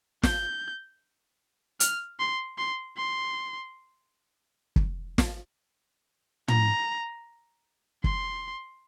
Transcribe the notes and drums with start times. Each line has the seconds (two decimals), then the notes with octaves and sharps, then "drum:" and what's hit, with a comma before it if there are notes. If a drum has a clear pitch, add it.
0.23 G6, drum: snare
1.80 F6, drum: hi-hat
2.20 C6
2.58 C6
2.97 C6
4.76 drum: kick
5.18 drum: snare
6.48 A#5, drum: tom
8.04 C6, drum: kick